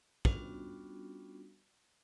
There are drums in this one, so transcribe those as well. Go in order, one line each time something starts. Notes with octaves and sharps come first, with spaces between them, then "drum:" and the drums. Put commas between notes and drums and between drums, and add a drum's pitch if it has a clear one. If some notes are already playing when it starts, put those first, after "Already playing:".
G3 B3 C#4 D4 F4 F#4, drum: kick